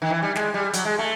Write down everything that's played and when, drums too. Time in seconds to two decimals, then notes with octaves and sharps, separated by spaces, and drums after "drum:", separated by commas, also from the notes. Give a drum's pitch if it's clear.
0.02 D#3
0.10 E3
0.23 G3
0.35 G#3, drum: snare
0.54 G3
0.73 F#3, drum: hi-hat
0.85 G#3
0.99 A3